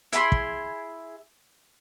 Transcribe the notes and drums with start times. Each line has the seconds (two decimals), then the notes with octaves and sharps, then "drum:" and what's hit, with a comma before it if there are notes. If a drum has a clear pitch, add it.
0.12 E4 G#4 B5 C6, drum: hi-hat
0.32 drum: kick